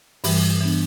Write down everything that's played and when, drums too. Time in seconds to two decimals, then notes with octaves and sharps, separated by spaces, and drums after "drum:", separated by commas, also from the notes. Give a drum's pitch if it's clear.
0.24 G2 E3 G3, drum: open hi-hat
0.61 E3 B3 D4